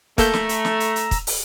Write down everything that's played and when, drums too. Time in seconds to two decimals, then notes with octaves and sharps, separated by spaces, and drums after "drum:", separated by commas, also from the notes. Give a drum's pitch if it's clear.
0.18 A3 A#3 A4 A#5 E6 G6, drum: kick, hi-hat
0.34 drum: snare
0.49 drum: hi-hat
0.65 drum: snare
0.80 drum: hi-hat
0.96 drum: hi-hat
1.11 drum: kick, hi-hat
1.27 drum: open hi-hat